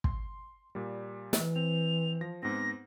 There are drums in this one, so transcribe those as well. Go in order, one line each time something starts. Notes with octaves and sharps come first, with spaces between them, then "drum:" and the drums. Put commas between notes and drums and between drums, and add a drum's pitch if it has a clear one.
C6, drum: kick
A#2 G3
E3, drum: snare
C4 F7
F3 A#6
G#2 B3 C4 A#6